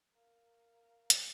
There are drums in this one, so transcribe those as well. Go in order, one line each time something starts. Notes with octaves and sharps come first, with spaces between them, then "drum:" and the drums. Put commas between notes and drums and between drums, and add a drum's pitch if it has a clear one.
A#4 F5
drum: hi-hat